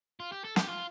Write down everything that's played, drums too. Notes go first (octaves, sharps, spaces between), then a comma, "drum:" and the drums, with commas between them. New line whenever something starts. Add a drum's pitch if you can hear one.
F4
G4
A4
G4, drum: snare
F4